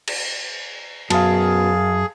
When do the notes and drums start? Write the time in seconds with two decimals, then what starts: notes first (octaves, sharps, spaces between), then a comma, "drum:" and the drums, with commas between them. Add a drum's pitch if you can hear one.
0.08 drum: cymbal
1.10 F#2 B2 G#4 F5 A5, drum: cymbal